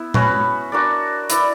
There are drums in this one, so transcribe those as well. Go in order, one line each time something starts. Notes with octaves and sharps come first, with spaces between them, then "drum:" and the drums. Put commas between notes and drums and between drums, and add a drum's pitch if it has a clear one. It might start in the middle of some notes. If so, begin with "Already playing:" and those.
Already playing: B3 E4 E5
C#4 F#4 B4, drum: tom A#2
D4 F#4 A#4 D5
E4 B4 D5, drum: hi-hat